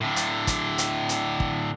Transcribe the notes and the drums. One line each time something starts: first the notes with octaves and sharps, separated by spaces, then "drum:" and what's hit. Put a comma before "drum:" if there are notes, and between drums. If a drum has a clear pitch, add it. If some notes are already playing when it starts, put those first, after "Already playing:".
A2 D3
drum: hi-hat
drum: kick, hi-hat
drum: hi-hat
drum: hi-hat
drum: kick